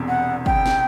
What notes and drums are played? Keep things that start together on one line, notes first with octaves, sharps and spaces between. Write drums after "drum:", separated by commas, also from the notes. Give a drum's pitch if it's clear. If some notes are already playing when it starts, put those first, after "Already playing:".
Already playing: E1 E2 C3
F#5
G5, drum: kick
drum: snare